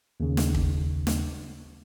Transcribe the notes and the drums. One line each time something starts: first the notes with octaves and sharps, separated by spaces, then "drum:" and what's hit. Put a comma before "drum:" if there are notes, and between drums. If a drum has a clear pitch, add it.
D#2 C#3
drum: snare
drum: kick
drum: snare